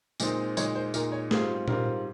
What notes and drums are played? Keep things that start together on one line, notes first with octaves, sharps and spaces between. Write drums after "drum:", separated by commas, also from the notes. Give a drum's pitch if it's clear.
A#2 G#3 C4 D#4, drum: tambourine
A#2 G#3 D#4 C#5, drum: tambourine
C5
A#2 G#3 D#4 A#4, drum: tambourine
C#5
G#2 G3 C4 F4 G#4, drum: snare A3
G#2 G3 C4 F4 A#4, drum: tom A#2